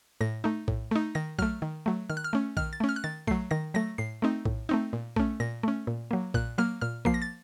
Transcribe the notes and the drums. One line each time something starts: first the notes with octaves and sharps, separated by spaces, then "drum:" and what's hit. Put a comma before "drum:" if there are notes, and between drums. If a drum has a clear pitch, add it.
A2 A#6
A3 D#4
A2, drum: kick A#1
A3 D#4
D#3 A#6
F#3 A3 F6, drum: kick A#1
D#3
F#3 A3
D#3 F6
F#6
F6
A3 C#4
D#3 F6, drum: kick A#1
A6
A3 C#4
F6
F#6
D#3 A6
F#3 A3 C7, drum: kick A#1
D#3 A#6
F#3 A3 A#6
A2 C7
A3 C4 D#4
A2, drum: kick A#1
A3 C4 D#4
A#2
A3 C#4, drum: kick A#1
A#2 A#6
A3 C#4
A#2
F#3 A#3
A#2 F#6, drum: kick A#1
F#3 A#3 F6
A#2 F6
F3 A#3 C7, drum: kick A#1
A#6
A6